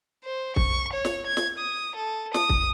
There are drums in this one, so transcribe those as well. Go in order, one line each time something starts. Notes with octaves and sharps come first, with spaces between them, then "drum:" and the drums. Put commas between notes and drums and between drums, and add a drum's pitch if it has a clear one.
C5
C#6, drum: kick
C#5
drum: snare
G#6
drum: snare
D#6
A4
D#6, drum: snare
drum: kick